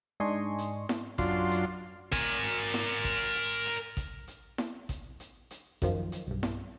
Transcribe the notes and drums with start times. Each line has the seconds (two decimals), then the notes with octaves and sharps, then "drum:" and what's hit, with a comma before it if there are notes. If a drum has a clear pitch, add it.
0.20 G#2 D4 D#5 G#5 C6 C#6
0.58 drum: hi-hat
0.89 drum: snare E4
1.18 F#2 D4 F4 C6, drum: kick A1, hi-hat
1.51 drum: hi-hat
2.12 A#4 G#5, drum: kick A1, hi-hat
2.43 drum: hi-hat
2.74 drum: snare E4
3.04 drum: kick A1, hi-hat
3.35 drum: hi-hat
3.66 drum: hi-hat
3.97 drum: kick A1, hi-hat
4.28 drum: hi-hat
4.58 drum: snare E4
4.89 drum: kick A1, hi-hat
5.20 drum: hi-hat
5.51 drum: hi-hat
5.82 F#2 D#3 F3, drum: kick A1, hi-hat
6.12 drum: hi-hat
6.27 B1 G2
6.43 drum: snare E4